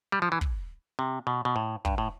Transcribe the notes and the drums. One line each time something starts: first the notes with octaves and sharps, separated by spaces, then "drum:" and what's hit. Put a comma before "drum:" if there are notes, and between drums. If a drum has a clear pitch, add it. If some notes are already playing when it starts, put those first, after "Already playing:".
G3
F3
E3
drum: kick
C3
B2
B2
A2
G2, drum: kick
A2